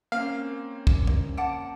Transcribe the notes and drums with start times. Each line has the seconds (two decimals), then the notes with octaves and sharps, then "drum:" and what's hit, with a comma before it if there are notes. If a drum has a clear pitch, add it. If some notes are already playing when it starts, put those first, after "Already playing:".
0.12 A#3 C4 C#4 F5
0.87 drum: kick
1.07 drum: tom F2
1.37 F#5 A5 D6